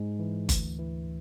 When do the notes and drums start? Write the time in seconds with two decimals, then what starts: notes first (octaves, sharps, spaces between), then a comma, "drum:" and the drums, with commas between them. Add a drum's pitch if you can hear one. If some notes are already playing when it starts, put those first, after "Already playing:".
Already playing: G#2 G#3
0.19 E3
0.49 D2, drum: kick G1, hi-hat
0.79 E3